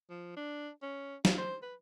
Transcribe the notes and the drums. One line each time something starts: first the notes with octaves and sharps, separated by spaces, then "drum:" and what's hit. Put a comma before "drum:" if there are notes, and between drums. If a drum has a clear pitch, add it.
F3
D4
C#4
F4, drum: snare
C5
B4